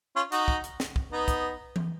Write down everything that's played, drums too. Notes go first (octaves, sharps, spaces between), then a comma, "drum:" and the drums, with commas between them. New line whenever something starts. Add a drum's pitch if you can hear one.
C#4 F4
D#4 F#4, drum: hi-hat
drum: kick
drum: hi-hat
drum: snare
drum: kick
B3 D#4
drum: kick, hi-hat
drum: tom E3